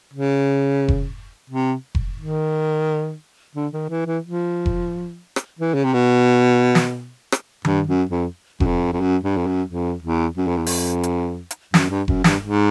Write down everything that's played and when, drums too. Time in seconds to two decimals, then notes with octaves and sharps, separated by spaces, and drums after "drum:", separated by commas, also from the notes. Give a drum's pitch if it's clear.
0.14 C#3
0.88 drum: kick F1
1.50 C3
1.95 drum: kick F1
2.18 D#3
3.55 D3
3.73 D#3
3.90 E3
4.06 E3
4.24 F3
4.66 drum: kick F1
5.36 drum: rim click
5.59 E3
5.74 C#3
5.84 C3
5.94 B2
6.75 drum: snare
7.32 drum: rim click
7.65 G2, drum: tom D#3
7.87 F#2
8.10 F2
8.60 F#2, drum: kick F1
8.66 F2
8.92 F2
9.01 F#2
9.24 G2
9.37 F2
9.46 F#2
9.69 F2
10.03 E2
10.37 F#2
10.47 F2
10.57 E2
10.66 F2, drum: open hi-hat
11.03 drum: hi-hat
11.51 drum: hi-hat
11.74 F#2, drum: snare
11.90 G2
12.08 F#2, drum: kick F1
12.24 G2, drum: snare
12.42 G#2